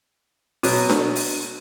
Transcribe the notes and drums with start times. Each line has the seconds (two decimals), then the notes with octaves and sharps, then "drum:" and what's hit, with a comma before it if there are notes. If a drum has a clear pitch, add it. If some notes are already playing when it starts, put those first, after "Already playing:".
0.63 B2 F#3, drum: open hi-hat
0.89 drum: snare D4
1.16 drum: open hi-hat